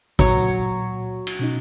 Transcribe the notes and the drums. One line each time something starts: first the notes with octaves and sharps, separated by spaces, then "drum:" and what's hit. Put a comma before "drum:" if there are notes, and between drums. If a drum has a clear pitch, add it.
C#2 A#2 F#3 C#5, drum: kick
drum: cymbal
B2 C#4 D#4